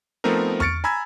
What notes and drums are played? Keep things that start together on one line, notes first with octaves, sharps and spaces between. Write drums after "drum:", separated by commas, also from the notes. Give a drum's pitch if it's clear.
F3 A3 B3 C4 D#4 A#4
C#6 F6 A6 C#7 D7, drum: tom E2
G#5 A#5 B5 E6 G#6